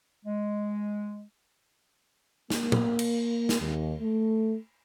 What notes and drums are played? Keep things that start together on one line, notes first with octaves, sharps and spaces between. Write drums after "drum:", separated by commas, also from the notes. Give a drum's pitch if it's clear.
G#3
A#3, drum: snare
drum: tom A#2
drum: cymbal
drum: snare
D#2
A3